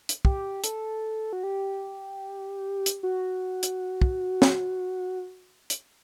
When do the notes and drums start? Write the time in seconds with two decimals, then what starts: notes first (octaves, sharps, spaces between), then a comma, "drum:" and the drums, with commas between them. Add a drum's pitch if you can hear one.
0.09 drum: hi-hat
0.25 G4, drum: kick
0.64 A4, drum: hi-hat
1.33 F#4
1.43 G4
2.86 drum: hi-hat
3.03 F#4
3.63 drum: hi-hat
4.02 drum: kick
4.42 drum: snare
5.70 drum: hi-hat